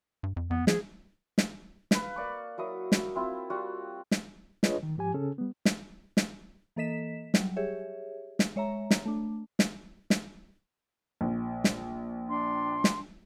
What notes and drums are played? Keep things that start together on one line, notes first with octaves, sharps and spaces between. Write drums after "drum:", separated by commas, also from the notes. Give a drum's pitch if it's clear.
G2
F2
F2 B3
F3 G#4, drum: snare
drum: snare
B4 F5, drum: snare
A#3 D5 C#6
F#3 E4 A#4 D#6
drum: snare
C4 E4 F4
G3 F4 F#4
drum: snare
D4 F4 G#4 B4 C#5 D#5, drum: snare
D#3
G#2 F3 G4 G#5
C#3 C#4 G#4 A4
G3 B3
drum: snare
drum: snare
E3 A#3 A4 D#5 B6 E7
F#3 G3, drum: snare
G4 G#4 C#5 E5
drum: snare
G#3 C#5 E5 A#5
drum: snare
A3 D4
drum: snare
drum: snare
A#1
drum: snare
D4 G5 C6
drum: snare